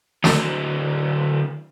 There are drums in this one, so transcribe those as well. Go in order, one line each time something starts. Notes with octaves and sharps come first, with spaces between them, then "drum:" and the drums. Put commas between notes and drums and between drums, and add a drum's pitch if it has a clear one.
D3 F#3, drum: snare